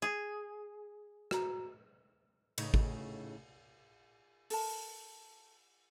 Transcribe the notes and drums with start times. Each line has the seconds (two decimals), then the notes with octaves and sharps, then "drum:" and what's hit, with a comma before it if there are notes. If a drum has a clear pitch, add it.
0.02 G#4
1.31 F#4 A#5, drum: rim click
2.58 A2 C#3 D#4, drum: cymbal
2.74 drum: kick G#1
4.50 A4 A#4 A5, drum: open hi-hat